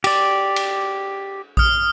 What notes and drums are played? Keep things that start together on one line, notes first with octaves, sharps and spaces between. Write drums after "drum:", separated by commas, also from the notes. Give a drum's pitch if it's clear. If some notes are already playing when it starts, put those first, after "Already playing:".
G4 D5, drum: cymbal
drum: cymbal
D#6 F6, drum: kick A#1